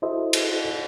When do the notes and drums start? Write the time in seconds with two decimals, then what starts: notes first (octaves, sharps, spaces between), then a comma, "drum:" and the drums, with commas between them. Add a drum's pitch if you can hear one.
0.02 E4 F#4 A4 C5 D#5 E5
0.33 drum: cymbal